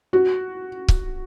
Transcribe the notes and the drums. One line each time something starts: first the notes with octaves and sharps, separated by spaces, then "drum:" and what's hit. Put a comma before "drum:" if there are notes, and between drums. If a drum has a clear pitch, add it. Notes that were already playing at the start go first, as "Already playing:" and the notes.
F#4
drum: kick C#1